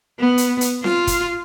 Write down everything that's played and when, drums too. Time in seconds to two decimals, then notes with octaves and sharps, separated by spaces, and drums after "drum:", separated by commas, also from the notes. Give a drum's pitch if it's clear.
0.19 B3
0.38 drum: hi-hat
0.61 drum: hi-hat
0.84 F4, drum: snare C4
1.07 drum: kick, hi-hat